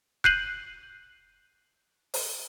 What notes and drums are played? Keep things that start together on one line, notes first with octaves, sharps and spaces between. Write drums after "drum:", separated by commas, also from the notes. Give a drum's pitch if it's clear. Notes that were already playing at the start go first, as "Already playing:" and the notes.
F#6 G6 C7 D#7 F#7, drum: kick E1
drum: open hi-hat